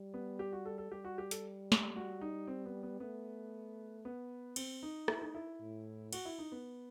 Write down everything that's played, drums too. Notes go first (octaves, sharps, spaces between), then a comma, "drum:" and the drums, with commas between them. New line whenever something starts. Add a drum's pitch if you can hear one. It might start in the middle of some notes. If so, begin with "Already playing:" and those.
Already playing: G3
B3
G4
F#4
A4
A4
G3 G4
F#4
G4
A4, drum: hi-hat
drum: snare
F#4
D#4
C4
B3
B3
A3 B3
B3
C4, drum: cymbal
D#4
E4, drum: rim click
D#4
E4
A2
F#4, drum: cymbal
E4
D#4
B3